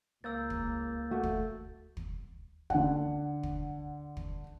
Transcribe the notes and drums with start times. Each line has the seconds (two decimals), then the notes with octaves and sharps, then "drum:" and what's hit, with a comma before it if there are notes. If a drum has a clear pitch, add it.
0.24 C#2 A#3 E6 G6 A6
0.50 drum: kick
1.11 A3 F#4
1.23 drum: kick
1.97 drum: kick
2.70 D3 F#5, drum: kick
3.43 drum: kick
4.17 drum: kick